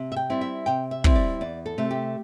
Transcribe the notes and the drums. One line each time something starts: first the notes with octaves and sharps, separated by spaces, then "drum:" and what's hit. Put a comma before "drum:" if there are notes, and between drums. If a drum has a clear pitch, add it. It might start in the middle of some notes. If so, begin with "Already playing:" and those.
Already playing: C3
E5
G5
G3 C4 E4
E5
C3 G5
E5
G3 C4 E4, drum: kick
D5
E2 D5
A4
C3 A3
G4